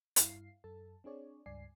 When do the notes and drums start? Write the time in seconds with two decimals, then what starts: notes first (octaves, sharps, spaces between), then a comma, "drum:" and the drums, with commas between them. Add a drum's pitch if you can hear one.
0.16 G2 E4 F5 C7, drum: hi-hat
0.64 F#2 A4 A5
1.04 C4 D4 G#4 C#5 D5
1.46 C#2 G2 D5 G#5 C7